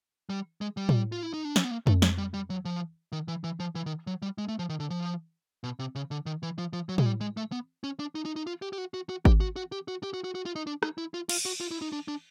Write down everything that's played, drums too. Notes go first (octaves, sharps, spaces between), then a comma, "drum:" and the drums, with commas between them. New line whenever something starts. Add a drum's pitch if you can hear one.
G3
G#3
G3
drum: tom A2
F4
E4
D#4
D4
C#4, drum: snare
B3
A#3
A3, drum: tom F2
G#3, drum: snare
G3
G3
F#3
F3
D#3
E3
E3
F3
E3
D#3
F#3
G3
G#3
A3
F3
D#3
D3
F3
B2
C3
C#3
D3
D#3
E3
F3
F3
F#3
G#3, drum: tom A2
G3
G#3
A3
B3
C#4
D4
D#4
D#4
D#4
F4
G4
G4
F#4
F#4
F#4
G4, drum: kick G#1
F#4
F#4
G4
F#4
G4
F#4
F#4
F#4
F4
D#4
D4
D#4, drum: rim click
E4
F4
F4, drum: cymbal
F#4
F4
E4
D#4
D4
D4